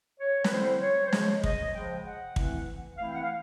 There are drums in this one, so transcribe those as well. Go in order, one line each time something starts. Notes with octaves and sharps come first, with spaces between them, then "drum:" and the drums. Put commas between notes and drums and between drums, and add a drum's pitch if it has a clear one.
C#5
B4, drum: snare
D3 G3 C4 E4 C5
C#5
C5
C#3 F3 G#3 C#5, drum: snare
D#5, drum: kick
C#3 F3 G#3 G5
F#5
E3 A3 C4 E4, drum: kick
E3 A3 C4 E4 F5
G5
F#5
F5